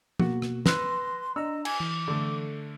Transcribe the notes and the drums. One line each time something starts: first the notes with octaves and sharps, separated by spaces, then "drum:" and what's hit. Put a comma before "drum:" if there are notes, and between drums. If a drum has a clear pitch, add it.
B2 A#3 F#4, drum: tom
drum: rim click
B4 C6 E6 F#6 A#6, drum: snare
D4 D#5 A#5 E6
G#5 D6 G#6, drum: cymbal
E3
D3 A3